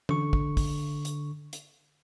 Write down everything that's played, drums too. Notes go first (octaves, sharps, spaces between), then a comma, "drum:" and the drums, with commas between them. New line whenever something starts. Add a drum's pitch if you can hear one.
D3 C#6, drum: tom
drum: kick
drum: kick, open hi-hat
drum: hi-hat
drum: hi-hat